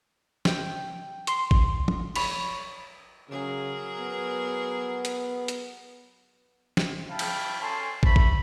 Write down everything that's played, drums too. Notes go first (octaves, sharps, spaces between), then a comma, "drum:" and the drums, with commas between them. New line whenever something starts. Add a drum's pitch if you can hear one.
G5, drum: snare
C6, drum: hi-hat
drum: kick
drum: tom
C#5 B5, drum: cymbal
C#3 F#3 G#4 A#4
B3
drum: hi-hat
drum: hi-hat
drum: snare
E4 F5 G5 A5 B5
drum: cymbal
C#4 A4 G#5 A5 C6
A3 C5 B5, drum: kick
drum: kick